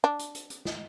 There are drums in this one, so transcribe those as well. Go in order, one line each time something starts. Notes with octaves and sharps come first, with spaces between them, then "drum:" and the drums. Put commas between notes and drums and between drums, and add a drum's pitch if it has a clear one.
D4
drum: hi-hat
drum: hi-hat
drum: hi-hat
drum: snare